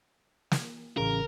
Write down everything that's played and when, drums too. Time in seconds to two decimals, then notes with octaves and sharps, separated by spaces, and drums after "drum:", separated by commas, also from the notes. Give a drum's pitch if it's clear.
0.52 drum: snare
0.97 A1 C#3 A#4